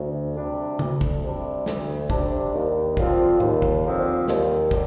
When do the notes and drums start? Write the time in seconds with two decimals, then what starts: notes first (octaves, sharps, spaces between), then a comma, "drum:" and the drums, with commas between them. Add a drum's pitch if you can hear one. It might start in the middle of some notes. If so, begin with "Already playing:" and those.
Already playing: D2
0.35 C3 G3 D4
0.79 D2, drum: tom C#3
1.01 drum: kick
1.23 C3 G3 D4
1.66 D2, drum: snare
2.10 C3 G3 D4, drum: kick
2.54 D#2
2.97 D3 F3 C4 F4, drum: kick
3.40 D#2, drum: tom A2
3.62 drum: kick
3.84 D3 F3 C4 F4
4.28 D#2, drum: snare
4.71 D3, drum: kick